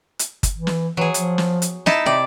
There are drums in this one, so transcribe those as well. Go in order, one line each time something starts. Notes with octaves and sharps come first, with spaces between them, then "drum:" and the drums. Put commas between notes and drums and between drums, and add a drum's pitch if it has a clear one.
drum: hi-hat
drum: kick G1, hi-hat
E3
drum: snare
E3 F#3 G#4
F3, drum: hi-hat
drum: snare
drum: hi-hat
D#4 E4 A5, drum: snare
C3 D5